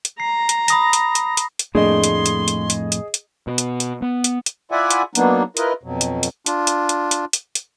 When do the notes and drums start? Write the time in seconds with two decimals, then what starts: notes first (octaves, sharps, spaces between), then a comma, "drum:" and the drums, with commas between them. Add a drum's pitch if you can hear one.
0.05 drum: hi-hat
0.20 A#5 C7
0.49 drum: hi-hat
0.68 B5 D#6 A#6, drum: hi-hat
0.93 drum: hi-hat
1.15 drum: hi-hat
1.37 drum: hi-hat
1.59 drum: hi-hat
1.75 F2 A2 A3 A#3 D4 G#4 D#5 C6
2.04 drum: hi-hat
2.26 drum: hi-hat
2.48 drum: hi-hat
2.70 drum: hi-hat
2.92 drum: hi-hat
3.14 drum: hi-hat
3.47 B2
3.58 drum: hi-hat
3.80 drum: hi-hat
4.02 B3
4.24 drum: hi-hat
4.46 drum: hi-hat
4.72 E4 F4 D5 E5 F#5 G#5
4.91 drum: hi-hat
5.15 F#3 A#3 B3 D4 D#4, drum: hi-hat
5.57 E4 F4 A#4 B4 D#5, drum: hi-hat
5.83 F2 B2 F#3
6.01 drum: hi-hat
6.23 drum: hi-hat
6.46 D4 F4, drum: hi-hat
6.67 drum: hi-hat
6.89 drum: hi-hat
7.11 drum: hi-hat
7.33 drum: hi-hat
7.55 drum: hi-hat